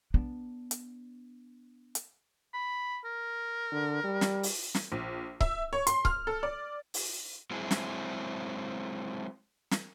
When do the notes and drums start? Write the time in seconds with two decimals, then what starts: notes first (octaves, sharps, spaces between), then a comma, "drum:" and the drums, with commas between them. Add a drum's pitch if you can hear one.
0.14 B3 D4
0.71 drum: hi-hat
1.95 drum: hi-hat
2.54 B5
3.05 A#4
3.72 D3
4.04 G3
4.21 drum: snare
4.43 drum: open hi-hat
4.75 drum: snare
4.92 A#1
5.41 E5, drum: kick C#1
5.73 C#5
5.87 C6, drum: hi-hat
6.05 F6, drum: kick C#1
6.27 A4
6.43 D5
6.94 drum: open hi-hat
7.51 F#3 G#3 C4 E4 G#4
7.71 drum: snare
9.71 drum: snare